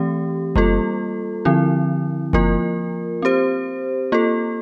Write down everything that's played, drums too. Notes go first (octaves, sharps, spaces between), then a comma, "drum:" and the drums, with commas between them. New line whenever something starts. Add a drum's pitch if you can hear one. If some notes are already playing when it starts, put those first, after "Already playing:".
Already playing: E3 A3 C4 G4
G3 A#3 F4 A4, drum: kick F#1
D3 F3 C4 E4
F3 A#3 F4 A#4, drum: kick F#1
C4 G4 C5
A#3 F4 A4